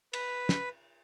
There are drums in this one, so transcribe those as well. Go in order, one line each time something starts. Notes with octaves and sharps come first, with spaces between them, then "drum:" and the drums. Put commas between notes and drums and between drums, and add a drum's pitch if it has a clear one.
B4, drum: cymbal
drum: snare